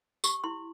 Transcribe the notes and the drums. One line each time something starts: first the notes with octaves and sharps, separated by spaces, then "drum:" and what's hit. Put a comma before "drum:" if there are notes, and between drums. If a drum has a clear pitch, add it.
G4 C#6, drum: tambourine
E4 C6